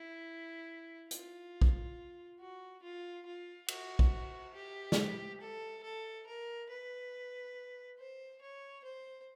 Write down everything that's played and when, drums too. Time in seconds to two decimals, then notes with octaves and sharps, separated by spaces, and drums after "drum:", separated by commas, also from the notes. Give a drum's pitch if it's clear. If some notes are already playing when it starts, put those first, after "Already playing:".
Already playing: E4
1.11 F4, drum: hi-hat
1.62 drum: kick A#1
2.40 F#4
2.83 F4
3.26 F4
3.68 F#4, drum: cymbal
3.99 drum: kick A#1
4.54 G4
4.92 drum: snare
5.41 A4
5.83 A4
6.26 A#4
6.70 B4
7.99 C5
8.41 C#5
8.84 C5